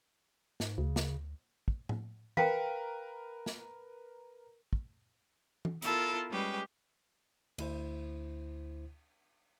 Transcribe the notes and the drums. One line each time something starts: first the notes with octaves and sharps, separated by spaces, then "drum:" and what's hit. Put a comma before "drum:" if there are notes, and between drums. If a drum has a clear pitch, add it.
G#2, drum: snare
D2 C#3
drum: snare
drum: kick
drum: tom A2
A#4 B4 F5 G5 A#5, drum: tom E3
drum: snare
drum: kick
drum: tom E3
B3 E4 F4 A4 A#4, drum: hi-hat
G3 G#3 C#4 G4 B4
D2 E4 C5, drum: cymbal